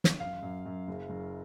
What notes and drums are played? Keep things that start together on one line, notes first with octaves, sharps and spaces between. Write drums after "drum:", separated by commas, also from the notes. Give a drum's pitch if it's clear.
drum: snare
F#2 F5
F#2
F#2
F#1
F#1